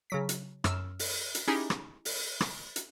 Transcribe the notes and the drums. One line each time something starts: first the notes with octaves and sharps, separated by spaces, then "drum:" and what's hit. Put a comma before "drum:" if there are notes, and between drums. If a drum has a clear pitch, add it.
C#3 F#3 B6
drum: hi-hat
F#2 E6 F6 E7, drum: rim click
drum: open hi-hat
drum: hi-hat
C#4 D#4 E4 G4 G#4
drum: rim click
drum: open hi-hat
drum: rim click
drum: hi-hat